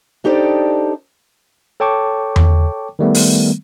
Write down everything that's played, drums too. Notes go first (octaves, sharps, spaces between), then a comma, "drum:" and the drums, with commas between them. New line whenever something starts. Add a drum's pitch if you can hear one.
D4 D#4 G4 A4 C5 D5
A4 C#5 G5 A5 C#6 D6
drum: tom E2
D#3 G3 A3 B3
drum: open hi-hat